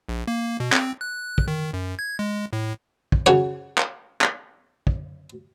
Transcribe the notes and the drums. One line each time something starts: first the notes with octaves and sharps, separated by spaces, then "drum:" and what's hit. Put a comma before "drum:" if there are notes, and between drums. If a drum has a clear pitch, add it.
A#1
A#3
B2
C4, drum: clap
F#6
drum: kick
D#3
F#2
G#6
G#3
A2
drum: kick
C#3 F#4 C#5
drum: clap
drum: clap
drum: kick